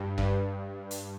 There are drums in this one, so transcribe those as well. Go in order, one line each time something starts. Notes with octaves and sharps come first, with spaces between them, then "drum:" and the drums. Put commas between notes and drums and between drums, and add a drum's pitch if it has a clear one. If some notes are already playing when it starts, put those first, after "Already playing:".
Already playing: G2
G2, drum: kick
drum: hi-hat